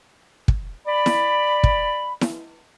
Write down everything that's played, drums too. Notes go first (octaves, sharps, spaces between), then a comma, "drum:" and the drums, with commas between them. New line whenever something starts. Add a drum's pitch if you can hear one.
drum: kick
D5 B5
drum: snare E4
drum: kick
drum: snare E4